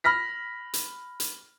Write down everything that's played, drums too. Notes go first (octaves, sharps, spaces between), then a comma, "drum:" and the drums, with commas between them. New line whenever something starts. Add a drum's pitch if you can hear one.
B5 F6 A#6 B6
drum: hi-hat
drum: hi-hat